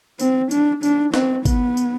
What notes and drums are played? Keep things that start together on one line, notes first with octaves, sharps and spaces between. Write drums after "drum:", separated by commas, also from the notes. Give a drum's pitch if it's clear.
C4, drum: tambourine
D4, drum: tambourine
D4, drum: tambourine
C4, drum: snare
B3, drum: kick, tambourine
drum: tambourine